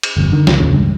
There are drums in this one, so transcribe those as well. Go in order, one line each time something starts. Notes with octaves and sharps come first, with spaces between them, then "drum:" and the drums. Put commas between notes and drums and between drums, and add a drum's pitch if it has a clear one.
drum: cymbal
G1 F2
D3 D#3
C#2, drum: snare
A1 D#2 C#3
E1 C#2 G2